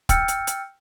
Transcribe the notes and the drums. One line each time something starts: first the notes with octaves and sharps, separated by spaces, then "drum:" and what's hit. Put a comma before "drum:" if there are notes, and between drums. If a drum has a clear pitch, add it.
G5 E6 F6 G6 A6 C#7, drum: kick, hi-hat
drum: hi-hat
drum: hi-hat